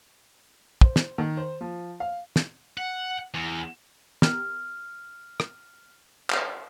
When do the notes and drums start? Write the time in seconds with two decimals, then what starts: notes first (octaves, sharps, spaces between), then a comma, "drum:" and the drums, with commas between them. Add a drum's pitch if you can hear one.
0.81 C5, drum: kick
0.96 drum: snare
1.18 D#3
1.37 C5
1.61 F3
2.00 F5
2.36 drum: snare
2.77 F#5
3.34 E2
4.22 B3 G4 A#4 F6, drum: snare
5.40 drum: rim click
6.30 drum: clap